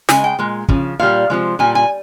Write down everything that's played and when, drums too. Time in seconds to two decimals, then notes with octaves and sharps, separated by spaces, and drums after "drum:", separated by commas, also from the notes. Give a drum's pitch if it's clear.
0.09 C#3 G#3 G#5, drum: snare
0.24 G5
0.39 A#2 G#3
0.69 C#3 F3, drum: kick
0.99 A#2 G3 F5
1.30 C3 F3 G#3
1.59 A#2 G3 G#5
1.75 G#5